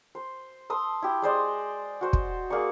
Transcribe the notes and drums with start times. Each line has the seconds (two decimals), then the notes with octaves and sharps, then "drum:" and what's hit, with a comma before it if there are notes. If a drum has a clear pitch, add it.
0.15 C5
0.70 A5 C6 D#6 E6
1.02 E4 G4
1.22 G#3 C5 D5 D#5
2.01 F#4 C5
2.13 drum: kick
2.50 A#3 G#4 D5 C#6